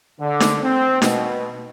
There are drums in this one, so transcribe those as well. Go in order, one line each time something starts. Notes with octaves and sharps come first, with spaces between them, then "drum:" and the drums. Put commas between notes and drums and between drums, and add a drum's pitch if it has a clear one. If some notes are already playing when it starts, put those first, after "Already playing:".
D3
drum: snare D#4
C4
B2, drum: snare D#4